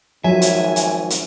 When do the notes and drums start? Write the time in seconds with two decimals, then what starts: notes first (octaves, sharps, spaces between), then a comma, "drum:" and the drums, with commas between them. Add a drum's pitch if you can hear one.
0.24 G#1 F3 F#3 E5 G#5
0.42 drum: hi-hat
0.76 drum: hi-hat
1.10 drum: hi-hat